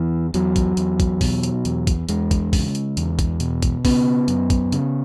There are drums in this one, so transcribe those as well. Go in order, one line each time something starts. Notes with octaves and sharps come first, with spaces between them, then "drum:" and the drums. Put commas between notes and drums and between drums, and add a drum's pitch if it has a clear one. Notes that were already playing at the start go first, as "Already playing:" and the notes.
Already playing: E2 E3
E2 F#3, drum: hi-hat
drum: kick, hi-hat
E2, drum: hi-hat
drum: kick, hi-hat
B2, drum: kick, open hi-hat
drum: hi-hat
E2, drum: hi-hat
drum: kick, hi-hat
E2 G#3, drum: hi-hat
drum: kick, hi-hat
C#3, drum: kick, open hi-hat
drum: hi-hat
E2, drum: hi-hat
drum: kick, hi-hat
B2, drum: hi-hat
drum: kick, hi-hat
C#3 B3, drum: kick, open hi-hat
F#2, drum: hi-hat
drum: kick, hi-hat
C#3, drum: hi-hat